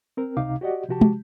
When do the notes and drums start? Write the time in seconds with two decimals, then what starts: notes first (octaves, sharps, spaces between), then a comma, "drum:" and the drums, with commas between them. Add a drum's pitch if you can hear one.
0.17 C4 A#4
0.37 C#2 C3 D#4 F5 D6
0.61 F#4 G4 D5 D#5 F#5
0.89 C3 F3 F#4 G4 A5
1.01 drum: tom